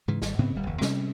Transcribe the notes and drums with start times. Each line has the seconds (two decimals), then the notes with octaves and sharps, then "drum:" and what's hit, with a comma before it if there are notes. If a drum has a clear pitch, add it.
0.08 G#2 C#3 E3
0.22 G#1 G3, drum: snare
0.38 G#2 C#3 B3 C4
0.55 D1 G3
0.67 F1 D#2
0.81 C3 G3 C#4, drum: snare